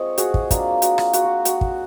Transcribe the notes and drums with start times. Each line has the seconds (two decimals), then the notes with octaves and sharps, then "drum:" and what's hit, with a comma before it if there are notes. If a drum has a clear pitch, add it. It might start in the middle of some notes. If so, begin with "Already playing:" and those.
Already playing: G#3 C4 F4 C#5 D#5
0.18 F#4 G#4, drum: hi-hat
0.34 drum: kick
0.51 A#3 D4 F4, drum: kick, hi-hat
0.82 F#4, drum: hi-hat
0.98 F4, drum: rim click
1.13 F#4, drum: hi-hat
1.25 F#4
1.45 F#4, drum: hi-hat
1.61 drum: kick